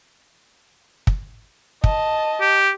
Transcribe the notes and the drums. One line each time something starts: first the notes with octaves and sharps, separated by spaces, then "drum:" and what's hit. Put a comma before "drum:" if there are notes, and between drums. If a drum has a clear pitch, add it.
drum: kick
D#5 A5, drum: kick
G4